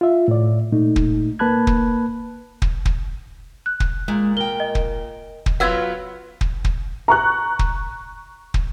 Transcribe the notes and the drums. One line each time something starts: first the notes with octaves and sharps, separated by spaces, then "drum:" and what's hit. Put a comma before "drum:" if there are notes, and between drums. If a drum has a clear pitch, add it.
F4 E5
A2 D5
A#2 A3 D#4
drum: kick
A#3 B4 A5 B5 F#6 G#6
drum: kick
drum: kick
drum: kick
F#6
drum: kick
A#2 G#3
A#4 G5 G7
D#5
drum: kick
drum: kick
F#3 B3 F4 B4 F#5 E6 G#6
drum: kick
drum: kick
A#5 C#6 F#6
drum: kick
drum: kick